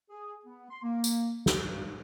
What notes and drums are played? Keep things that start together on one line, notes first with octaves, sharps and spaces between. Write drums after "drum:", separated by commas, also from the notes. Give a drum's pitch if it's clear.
G#4
B3
C6
A#3
drum: tambourine
drum: snare
G2